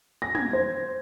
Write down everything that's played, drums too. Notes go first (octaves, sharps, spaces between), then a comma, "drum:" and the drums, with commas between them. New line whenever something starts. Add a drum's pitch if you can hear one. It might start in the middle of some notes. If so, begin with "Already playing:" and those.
A#6
G#6, drum: tom
C5